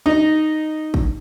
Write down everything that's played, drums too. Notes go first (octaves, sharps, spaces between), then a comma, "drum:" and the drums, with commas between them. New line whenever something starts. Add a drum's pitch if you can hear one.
D#4
drum: kick